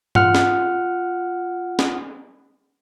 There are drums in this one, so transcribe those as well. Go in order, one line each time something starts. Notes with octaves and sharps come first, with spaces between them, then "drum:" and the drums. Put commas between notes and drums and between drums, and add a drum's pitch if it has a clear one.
F4 F#5 F6, drum: tom G2
drum: snare
drum: snare